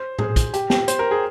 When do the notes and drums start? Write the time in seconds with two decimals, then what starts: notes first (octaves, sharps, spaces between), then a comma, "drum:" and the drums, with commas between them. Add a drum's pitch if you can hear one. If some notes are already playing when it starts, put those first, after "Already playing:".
Already playing: C5
0.18 G#4, drum: tom A2
0.36 drum: kick, hi-hat
0.54 G4, drum: hi-hat
0.70 G4, drum: snare
0.88 C5, drum: hi-hat
0.99 A#4
1.11 G#4